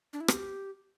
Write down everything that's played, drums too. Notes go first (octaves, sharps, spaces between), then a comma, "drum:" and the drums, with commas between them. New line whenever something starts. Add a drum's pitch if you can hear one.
D4
E4
G4, drum: rim click